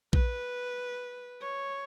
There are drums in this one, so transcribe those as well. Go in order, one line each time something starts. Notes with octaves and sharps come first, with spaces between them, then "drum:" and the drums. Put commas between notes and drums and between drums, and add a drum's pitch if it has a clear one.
B4, drum: kick A#1
C#5